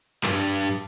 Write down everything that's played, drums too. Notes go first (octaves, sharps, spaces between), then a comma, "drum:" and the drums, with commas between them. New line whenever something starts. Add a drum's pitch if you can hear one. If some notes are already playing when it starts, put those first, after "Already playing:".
G2 G3, drum: clap